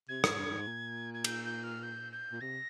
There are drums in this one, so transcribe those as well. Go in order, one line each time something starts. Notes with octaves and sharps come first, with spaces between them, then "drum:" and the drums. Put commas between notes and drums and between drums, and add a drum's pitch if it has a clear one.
C3 G#6
G#2, drum: rim click
G2
G#2
A#2
G#6
G6, drum: cymbal
G6
F6
G6
G6
A#2
C3 A#6